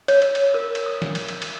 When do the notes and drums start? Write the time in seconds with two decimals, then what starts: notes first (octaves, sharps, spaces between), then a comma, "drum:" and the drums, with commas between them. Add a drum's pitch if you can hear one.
0.08 C#5, drum: cymbal
0.22 drum: cymbal
0.35 drum: cymbal
0.54 A#4
0.75 drum: cymbal
0.86 D#6
1.02 drum: snare
1.15 drum: cymbal
1.28 drum: cymbal
1.42 drum: cymbal